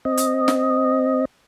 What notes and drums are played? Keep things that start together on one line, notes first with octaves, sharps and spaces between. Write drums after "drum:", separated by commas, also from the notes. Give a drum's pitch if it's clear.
C4 D#5
drum: hi-hat
drum: snare